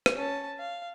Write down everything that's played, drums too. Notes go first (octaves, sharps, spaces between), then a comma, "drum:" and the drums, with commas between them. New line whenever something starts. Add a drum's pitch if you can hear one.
drum: rim click
C#4 A5
F5